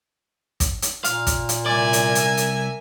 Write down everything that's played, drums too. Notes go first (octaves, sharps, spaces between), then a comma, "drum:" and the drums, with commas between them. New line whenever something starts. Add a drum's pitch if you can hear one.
drum: kick, hi-hat
drum: hi-hat
A#2 F5, drum: hi-hat
drum: kick, hi-hat
drum: hi-hat
C2 G#2 A#4 D5 E5 G#5
drum: hi-hat
drum: hi-hat
drum: hi-hat